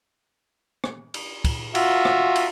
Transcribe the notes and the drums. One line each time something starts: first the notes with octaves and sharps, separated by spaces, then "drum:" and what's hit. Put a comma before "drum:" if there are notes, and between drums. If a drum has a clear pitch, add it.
drum: rim click
drum: cymbal
drum: kick, cymbal
F4 F#4 E5, drum: cymbal
drum: rim click
drum: cymbal